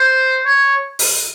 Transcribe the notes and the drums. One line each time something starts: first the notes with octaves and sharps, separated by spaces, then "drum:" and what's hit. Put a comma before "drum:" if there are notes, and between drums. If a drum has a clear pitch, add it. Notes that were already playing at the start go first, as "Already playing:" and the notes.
Already playing: C5
C#5
drum: open hi-hat